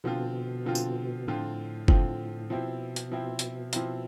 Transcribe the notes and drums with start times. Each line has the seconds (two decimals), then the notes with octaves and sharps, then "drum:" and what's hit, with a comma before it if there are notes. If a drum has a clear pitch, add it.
0.04 B2 D3 F3 C4 F4
0.65 D3 F3 C4 F4
0.75 drum: tambourine
1.27 A2 D3 F3 C4 F4
1.88 D3 F3 C4 F4, drum: kick F#1
2.50 B2 F3 C4 E4
2.96 drum: hi-hat
3.12 F3 C4 E4
3.39 drum: hi-hat
3.73 F3 C4 E4, drum: hi-hat